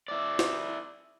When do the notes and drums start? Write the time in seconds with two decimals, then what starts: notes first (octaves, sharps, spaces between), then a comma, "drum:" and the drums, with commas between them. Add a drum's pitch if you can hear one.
0.08 E4 D5
0.39 drum: snare